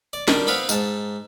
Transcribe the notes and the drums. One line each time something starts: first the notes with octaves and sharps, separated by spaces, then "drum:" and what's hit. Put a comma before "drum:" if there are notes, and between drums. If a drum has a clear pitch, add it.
D5
D#3 G3 D4, drum: snare
B3 C4 B4 F5
G#2 A5, drum: tambourine